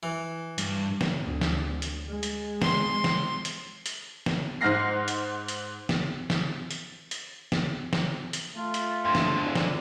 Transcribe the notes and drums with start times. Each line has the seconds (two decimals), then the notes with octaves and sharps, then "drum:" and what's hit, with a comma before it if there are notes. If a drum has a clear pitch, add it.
0.03 E3
0.58 G2, drum: hi-hat
1.01 drum: snare
1.21 D2
1.41 drum: snare
1.82 drum: hi-hat
2.08 G#3
2.23 drum: hi-hat
2.62 C6, drum: snare
3.04 drum: snare
3.45 drum: hi-hat
3.86 drum: hi-hat
4.26 drum: snare
4.61 G#2 F#5 F6 A#6 C7
5.08 drum: hi-hat
5.48 drum: hi-hat
5.89 drum: snare
6.30 drum: snare
6.71 drum: hi-hat
7.11 drum: hi-hat
7.52 drum: snare
7.93 drum: snare
8.33 drum: hi-hat
8.55 A3 F4
8.74 drum: hi-hat
9.05 F2 D3 C6 G#6
9.15 drum: snare
9.46 D2 F4 D5 G#5
9.55 drum: snare